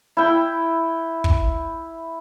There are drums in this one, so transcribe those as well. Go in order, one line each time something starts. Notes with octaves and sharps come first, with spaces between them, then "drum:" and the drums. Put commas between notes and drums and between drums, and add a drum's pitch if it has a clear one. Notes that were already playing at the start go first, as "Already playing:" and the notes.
E4 G5
drum: kick